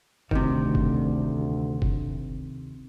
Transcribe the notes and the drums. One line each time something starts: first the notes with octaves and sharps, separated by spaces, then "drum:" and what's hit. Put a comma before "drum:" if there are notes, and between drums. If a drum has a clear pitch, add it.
D2 C3 D#3, drum: kick F1
drum: kick F1
drum: kick F1